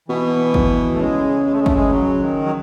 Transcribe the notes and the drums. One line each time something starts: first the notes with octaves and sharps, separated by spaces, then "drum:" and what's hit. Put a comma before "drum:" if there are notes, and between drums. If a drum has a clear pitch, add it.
B2 E3
drum: kick
A3
C#3 G#3
G#3
A3
G#3
A3, drum: kick
G#3
E3
F#3
D#3
F#3